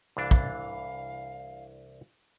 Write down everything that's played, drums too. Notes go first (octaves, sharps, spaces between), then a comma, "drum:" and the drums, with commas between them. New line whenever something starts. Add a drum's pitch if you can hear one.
C2 E3 D4 F5
drum: kick